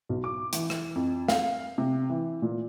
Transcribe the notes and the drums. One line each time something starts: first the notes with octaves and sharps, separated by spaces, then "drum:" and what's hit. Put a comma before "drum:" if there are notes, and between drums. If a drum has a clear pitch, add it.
B1
D6
E3, drum: hi-hat
drum: rim click
F2
F5, drum: snare
C3
E3
A#2